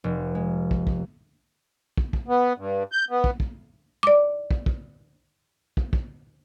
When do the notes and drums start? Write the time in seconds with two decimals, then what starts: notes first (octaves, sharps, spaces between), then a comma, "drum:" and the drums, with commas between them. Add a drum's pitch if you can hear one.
0.04 F1
0.35 G#3
0.71 drum: kick
0.87 drum: kick
1.97 drum: kick
2.13 drum: kick
2.28 B3
2.58 G2
2.92 G6
3.11 B3
3.24 drum: kick
3.40 drum: kick
4.03 D5 D6
4.51 drum: kick
4.66 drum: kick
5.77 drum: kick
5.93 drum: kick